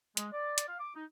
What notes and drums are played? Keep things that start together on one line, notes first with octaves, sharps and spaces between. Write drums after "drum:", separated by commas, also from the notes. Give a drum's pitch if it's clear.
G#3, drum: hi-hat
D5
drum: hi-hat
F5
D6
D#4